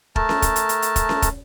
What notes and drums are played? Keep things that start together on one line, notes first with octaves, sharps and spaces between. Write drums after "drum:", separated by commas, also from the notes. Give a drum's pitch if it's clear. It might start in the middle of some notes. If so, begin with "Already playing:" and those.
A3 A#4 A5, drum: kick
drum: snare C#4
drum: kick, hi-hat
drum: hi-hat
drum: hi-hat
drum: hi-hat
drum: kick, hi-hat
drum: snare C#4
drum: kick, hi-hat